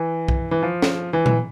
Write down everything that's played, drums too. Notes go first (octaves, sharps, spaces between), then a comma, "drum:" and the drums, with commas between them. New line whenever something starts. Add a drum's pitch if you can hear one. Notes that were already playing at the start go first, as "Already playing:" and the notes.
Already playing: E3
drum: kick B1
E3
F3
drum: snare
E3
drum: tom A#2